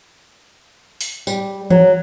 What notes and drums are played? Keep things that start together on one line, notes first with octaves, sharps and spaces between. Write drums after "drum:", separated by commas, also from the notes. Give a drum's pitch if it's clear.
drum: open hi-hat
G3, drum: tambourine
F#3, drum: tom E3